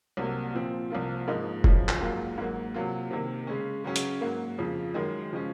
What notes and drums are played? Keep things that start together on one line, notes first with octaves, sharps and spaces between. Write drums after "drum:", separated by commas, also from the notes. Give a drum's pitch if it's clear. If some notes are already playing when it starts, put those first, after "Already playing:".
C2 C3 F#3 A#3
A#2 F3 C4
C2 C3 F3 A#3 F4
G#2 F3 A#3 D#4
F#2 C#3 F3, drum: kick F1
drum: clap
G#2 F#3 A#3 F4
G#2 F#3 A#3
C3 F#3 A#3 F4
C3 D#3 A#3
C#3 G#3 C#4
C#3 F#3 C#4
drum: hi-hat
G#2 F#3 A#3
F2 C#3 F3
F#2 D#3 G#3
C#3 F3 G#3 C#4